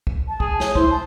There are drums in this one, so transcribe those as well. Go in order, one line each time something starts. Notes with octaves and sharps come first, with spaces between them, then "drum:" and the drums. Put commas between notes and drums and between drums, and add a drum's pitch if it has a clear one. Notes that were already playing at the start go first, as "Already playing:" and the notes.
drum: kick
A5
G#4, drum: kick
C#5, drum: snare
E4 C5, drum: kick
A5